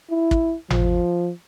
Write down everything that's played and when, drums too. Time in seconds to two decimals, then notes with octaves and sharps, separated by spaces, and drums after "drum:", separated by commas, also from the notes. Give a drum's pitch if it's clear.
0.10 E4
0.31 drum: kick
0.70 F3, drum: tom G#1